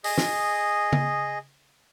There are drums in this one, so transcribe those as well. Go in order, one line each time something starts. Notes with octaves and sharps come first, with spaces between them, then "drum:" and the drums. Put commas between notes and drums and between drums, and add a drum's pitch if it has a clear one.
G#4 D#5, drum: open hi-hat
drum: snare
drum: tom C#3